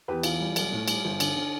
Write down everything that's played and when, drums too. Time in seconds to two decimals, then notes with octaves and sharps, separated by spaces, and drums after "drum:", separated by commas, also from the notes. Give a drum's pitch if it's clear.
0.08 E2 G4 B4
0.23 E3 F4, drum: cymbal
0.40 G3
0.56 B1, drum: cymbal
0.72 A2
0.88 G3, drum: cymbal
1.04 G1
1.20 D3, drum: cymbal
1.35 D3